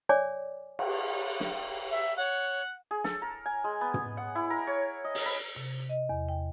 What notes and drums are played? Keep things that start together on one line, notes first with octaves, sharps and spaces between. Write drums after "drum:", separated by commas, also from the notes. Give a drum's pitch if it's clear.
C#5 D5 G#5 D6
drum: cymbal
drum: snare
E5
C#5 F#5
G#4
A4, drum: snare
A#4
G#5
G#3
B3
drum: tom
F#5
E4
A#4
C#5
D#5
drum: open hi-hat
B5
C3
D#5
E2
G5